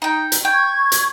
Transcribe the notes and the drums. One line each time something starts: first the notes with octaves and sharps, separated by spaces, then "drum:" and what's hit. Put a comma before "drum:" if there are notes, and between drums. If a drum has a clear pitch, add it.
D#4 G5
drum: hi-hat
G5 C#6 G#6
drum: hi-hat